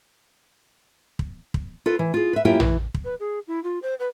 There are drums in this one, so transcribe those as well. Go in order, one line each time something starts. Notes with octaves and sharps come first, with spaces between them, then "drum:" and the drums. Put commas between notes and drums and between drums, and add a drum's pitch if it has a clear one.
drum: kick
drum: kick
F4 A4 B4
E3
F4 G#4
B4 E5
F#2 A#3 E4 F4 G4 G5
E3, drum: tom
drum: kick
B4
G#4
E4
F4
C5
B4